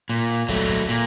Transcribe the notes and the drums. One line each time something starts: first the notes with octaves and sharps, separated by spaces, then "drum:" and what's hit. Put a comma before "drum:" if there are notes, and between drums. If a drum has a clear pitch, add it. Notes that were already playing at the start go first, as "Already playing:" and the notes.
A#2
drum: hi-hat
F#3 A3, drum: kick
drum: kick, hi-hat
A#2